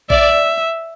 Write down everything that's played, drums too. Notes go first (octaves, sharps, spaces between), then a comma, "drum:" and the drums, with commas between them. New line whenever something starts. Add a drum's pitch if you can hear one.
D5 E5, drum: kick A#1